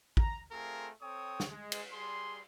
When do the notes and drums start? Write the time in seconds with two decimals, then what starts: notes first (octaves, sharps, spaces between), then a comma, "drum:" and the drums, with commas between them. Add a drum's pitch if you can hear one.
0.17 A#5, drum: kick
0.52 A3 C4 F4 G#4 A#4
1.02 C4 A4 C#5 G5 D#6
1.40 drum: snare
1.50 G#3
1.72 drum: cymbal
1.92 G3 G#4 C6